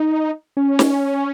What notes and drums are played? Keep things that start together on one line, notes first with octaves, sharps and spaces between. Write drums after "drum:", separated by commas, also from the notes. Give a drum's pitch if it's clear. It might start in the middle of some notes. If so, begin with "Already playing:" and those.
Already playing: D#4
C#4
drum: snare